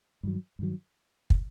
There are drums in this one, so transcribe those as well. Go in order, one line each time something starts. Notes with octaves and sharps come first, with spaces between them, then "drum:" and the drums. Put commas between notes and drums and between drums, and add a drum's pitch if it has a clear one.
G2 D#3 F#3
G2 D#3 F#3
drum: kick